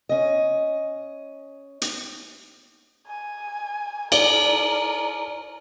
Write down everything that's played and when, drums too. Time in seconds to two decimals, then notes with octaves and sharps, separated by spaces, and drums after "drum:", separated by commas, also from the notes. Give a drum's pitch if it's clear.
0.09 C#4 D#5
1.82 drum: hi-hat
3.07 G#5
4.12 A#4 D5, drum: cymbal